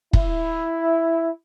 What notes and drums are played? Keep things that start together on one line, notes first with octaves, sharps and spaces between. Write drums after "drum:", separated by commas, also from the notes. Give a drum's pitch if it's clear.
E4, drum: kick